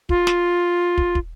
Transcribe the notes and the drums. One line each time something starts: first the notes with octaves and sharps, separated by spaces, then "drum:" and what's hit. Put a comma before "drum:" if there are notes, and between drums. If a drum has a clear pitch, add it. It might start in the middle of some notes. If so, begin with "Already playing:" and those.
F4, drum: kick
drum: snare
drum: kick
drum: kick